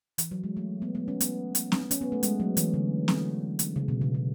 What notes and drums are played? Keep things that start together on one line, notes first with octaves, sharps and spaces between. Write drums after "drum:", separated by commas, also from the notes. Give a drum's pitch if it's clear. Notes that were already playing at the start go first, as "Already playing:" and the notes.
E3, drum: hi-hat
F#3
G#3
A3
B3
B3
C#4
B3, drum: hi-hat
drum: hi-hat
drum: snare
C#4, drum: hi-hat
B3
A3
G#3, drum: hi-hat
F#3
E3, drum: hi-hat
D3
drum: snare
drum: hi-hat
C#3
B2
C#3
C#3